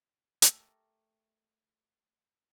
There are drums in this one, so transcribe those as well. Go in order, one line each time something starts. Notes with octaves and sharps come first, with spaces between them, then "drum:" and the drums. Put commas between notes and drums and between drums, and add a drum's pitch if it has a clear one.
A3 G4 A4 A#4 A5, drum: hi-hat